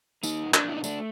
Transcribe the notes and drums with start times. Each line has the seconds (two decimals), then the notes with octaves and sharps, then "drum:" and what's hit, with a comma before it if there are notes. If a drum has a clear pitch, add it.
0.23 A#3 D#4, drum: tambourine
0.44 A#2
0.54 D4, drum: clap
0.64 A#2 E4
0.77 D#4
0.84 A3 D4, drum: tambourine